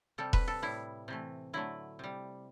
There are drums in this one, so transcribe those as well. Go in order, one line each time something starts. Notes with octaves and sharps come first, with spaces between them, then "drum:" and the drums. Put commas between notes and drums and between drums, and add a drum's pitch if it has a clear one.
C3 G3 A4
B4, drum: kick E1
A4
A2 G3 E4
C3 E3 A3
D3 F#3 A3 E4
C3 G3